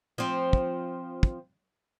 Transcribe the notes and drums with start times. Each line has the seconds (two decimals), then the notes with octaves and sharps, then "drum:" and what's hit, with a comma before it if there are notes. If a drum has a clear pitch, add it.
0.18 F3 C4
0.53 drum: kick
1.23 drum: kick